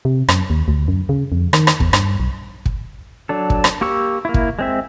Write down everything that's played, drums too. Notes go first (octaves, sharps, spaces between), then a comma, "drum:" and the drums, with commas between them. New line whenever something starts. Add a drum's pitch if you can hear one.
C3
F#2, drum: rim click
D#2
D2
F#2
C#3
F2
D#3, drum: rim click
drum: rim click
E2, drum: kick
G2, drum: rim click
B1
drum: kick
F#3 D4 A4
drum: kick
drum: rim click
A#3 G4 C#6 E6
A#3 E4
drum: kick
G#3 C4 E5